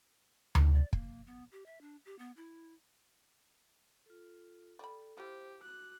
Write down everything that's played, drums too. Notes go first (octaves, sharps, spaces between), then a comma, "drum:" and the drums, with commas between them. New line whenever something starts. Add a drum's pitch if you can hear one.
D#4, drum: tom D2
D5
A#3, drum: kick
B3
G4
E5
D4
G4
B3
E4
F4 A4
G3 A4 B5
E4 F4 G4 C5
F#4 D6 F#6